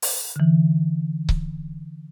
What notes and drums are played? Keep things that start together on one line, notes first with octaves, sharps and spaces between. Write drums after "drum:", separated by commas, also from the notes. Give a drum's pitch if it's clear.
drum: open hi-hat
D3 E3
drum: kick C#1